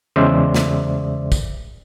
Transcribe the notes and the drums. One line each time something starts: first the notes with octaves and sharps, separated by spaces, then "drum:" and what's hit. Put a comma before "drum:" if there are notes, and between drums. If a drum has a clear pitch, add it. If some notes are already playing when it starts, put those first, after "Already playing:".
E2 C#3 G#3 C5 D5 E5
drum: snare
drum: kick, tambourine